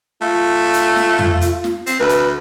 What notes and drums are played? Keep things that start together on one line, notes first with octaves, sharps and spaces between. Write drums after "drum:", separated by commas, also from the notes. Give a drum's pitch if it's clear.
A3 F4
drum: hi-hat
drum: snare
drum: tom
drum: hi-hat
drum: snare
C4, drum: hi-hat
D2 B4
drum: hi-hat